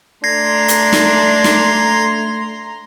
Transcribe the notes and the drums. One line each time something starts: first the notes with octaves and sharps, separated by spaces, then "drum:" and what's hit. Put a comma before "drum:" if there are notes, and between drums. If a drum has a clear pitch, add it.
A3 D4 A#5 C6 G#6 A#6 C7
drum: hi-hat
drum: snare
drum: snare